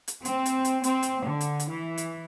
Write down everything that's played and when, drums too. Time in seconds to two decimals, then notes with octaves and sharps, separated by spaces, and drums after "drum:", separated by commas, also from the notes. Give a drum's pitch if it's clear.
0.08 drum: hi-hat
0.25 C4, drum: hi-hat
0.46 drum: hi-hat
0.65 drum: hi-hat
0.84 C4, drum: hi-hat
1.03 drum: hi-hat
1.25 D3
1.41 drum: hi-hat
1.60 drum: hi-hat
1.71 E3
1.98 drum: hi-hat